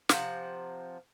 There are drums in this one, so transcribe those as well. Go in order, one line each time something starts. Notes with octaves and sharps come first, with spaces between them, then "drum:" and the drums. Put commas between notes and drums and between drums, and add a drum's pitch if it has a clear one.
C3 F3 F#5, drum: snare